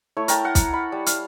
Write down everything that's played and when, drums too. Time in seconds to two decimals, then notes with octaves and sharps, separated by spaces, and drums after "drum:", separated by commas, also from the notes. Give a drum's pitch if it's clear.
0.17 A3 E4 C#5
0.28 A#4 G5 A5, drum: hi-hat
0.45 F#5
0.55 drum: kick, hi-hat
0.73 B5
0.92 G3
1.06 F5, drum: hi-hat